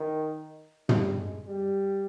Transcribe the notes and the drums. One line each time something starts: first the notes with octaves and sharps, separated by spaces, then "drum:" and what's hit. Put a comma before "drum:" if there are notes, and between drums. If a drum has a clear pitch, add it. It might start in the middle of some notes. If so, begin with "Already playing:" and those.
Already playing: D#3
G3, drum: tom
G#3
G3